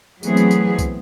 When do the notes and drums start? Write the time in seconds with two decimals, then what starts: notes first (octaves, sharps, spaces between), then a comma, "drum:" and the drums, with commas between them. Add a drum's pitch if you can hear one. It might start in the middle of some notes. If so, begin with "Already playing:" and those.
0.23 E3 F#3 A3 B3 C4 G#4, drum: tambourine
0.37 drum: tambourine
0.51 drum: tambourine
0.79 drum: kick, tambourine